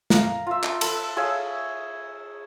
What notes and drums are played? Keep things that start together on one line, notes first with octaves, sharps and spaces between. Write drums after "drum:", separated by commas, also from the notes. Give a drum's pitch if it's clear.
F5 A#5, drum: snare
F4 E5
drum: clap
A4 B4, drum: cymbal
G#4 C#5 E5 F5